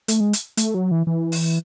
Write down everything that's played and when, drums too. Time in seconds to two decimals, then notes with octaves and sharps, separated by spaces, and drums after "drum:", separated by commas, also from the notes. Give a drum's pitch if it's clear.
0.08 A3, drum: hi-hat
0.20 G#3
0.33 drum: hi-hat
0.57 A3, drum: hi-hat
0.74 F#3
0.91 E3
1.07 E3
1.32 drum: open hi-hat